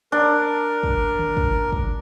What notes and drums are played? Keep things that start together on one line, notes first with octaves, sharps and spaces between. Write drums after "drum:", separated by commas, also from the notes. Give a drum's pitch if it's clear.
D4 A#4
drum: kick
drum: tom D3
drum: kick
drum: kick